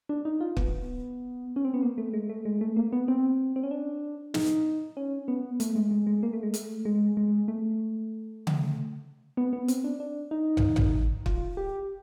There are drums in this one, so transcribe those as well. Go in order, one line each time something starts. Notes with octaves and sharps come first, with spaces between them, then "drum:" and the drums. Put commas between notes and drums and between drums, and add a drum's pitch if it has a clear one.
D4
D#4
F4
B3, drum: kick
C#4
C4
B3
A#3
A3
G#3
A3
G#3
A3
A#3
B3
C4
C4
C#4
D4
D#4, drum: snare
C#4
B3
A3, drum: hi-hat
G#3
G#3
G#3
A#3
A3
G#3
A3, drum: hi-hat
G#3
G#3
A3
drum: tom C#3
B3
B3
C4, drum: hi-hat
D4
D4
D#4
drum: tom
drum: tom
F4, drum: kick
G4